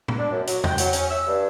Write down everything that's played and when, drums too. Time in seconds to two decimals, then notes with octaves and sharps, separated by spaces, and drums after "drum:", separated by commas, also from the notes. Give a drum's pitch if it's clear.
0.08 drum: tom A#2
0.18 D4
0.31 F#2
0.47 F#3, drum: hi-hat
0.64 G5, drum: tom E2
0.78 F#3, drum: hi-hat
0.93 C#4, drum: hi-hat
1.10 E6
1.27 G2